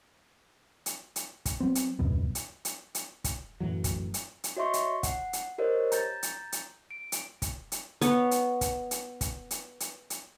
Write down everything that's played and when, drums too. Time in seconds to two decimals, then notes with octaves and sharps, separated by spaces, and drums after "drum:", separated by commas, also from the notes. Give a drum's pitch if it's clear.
0.86 drum: hi-hat
1.16 drum: hi-hat
1.45 drum: kick, hi-hat
1.60 F#3 B3 C4
1.75 drum: hi-hat
1.99 D#1 C#2 F#2 B2
2.35 drum: hi-hat
2.65 drum: hi-hat
2.95 drum: hi-hat
3.24 drum: kick, hi-hat
3.60 F#2 A2 E3 F#3
3.84 drum: kick, hi-hat
4.14 drum: hi-hat
4.44 drum: hi-hat
4.56 F#4 C#5 D#5 E5 C6 C#6
4.73 drum: hi-hat
5.03 F#5, drum: kick, hi-hat
5.33 drum: hi-hat
5.58 G4 A#4 C5 C#5 D#5
5.92 A#5 G6 A6, drum: hi-hat
6.23 drum: hi-hat
6.52 drum: hi-hat
6.91 D7
7.12 drum: hi-hat
7.42 drum: kick, hi-hat
7.72 drum: hi-hat
8.01 B3 C#5, drum: hi-hat
8.31 drum: hi-hat
8.61 drum: kick, hi-hat
8.91 drum: hi-hat
9.21 drum: kick, hi-hat
9.51 drum: hi-hat
9.80 drum: hi-hat
10.10 drum: hi-hat